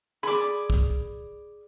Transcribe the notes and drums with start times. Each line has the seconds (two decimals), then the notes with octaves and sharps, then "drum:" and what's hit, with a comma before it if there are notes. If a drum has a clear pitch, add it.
0.23 G#4 D5 B5 D6
0.70 drum: kick